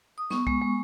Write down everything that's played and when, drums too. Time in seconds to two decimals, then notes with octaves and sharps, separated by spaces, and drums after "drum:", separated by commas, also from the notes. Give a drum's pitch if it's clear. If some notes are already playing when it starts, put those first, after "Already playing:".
0.18 D#6
0.30 B3 C#6, drum: snare
0.47 G#3, drum: kick B1
0.61 G#3